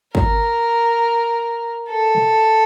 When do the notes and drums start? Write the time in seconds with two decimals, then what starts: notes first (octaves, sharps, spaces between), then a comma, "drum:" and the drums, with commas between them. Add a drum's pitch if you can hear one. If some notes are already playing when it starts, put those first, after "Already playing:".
0.15 A#4, drum: kick
1.89 A4
2.15 drum: tom B2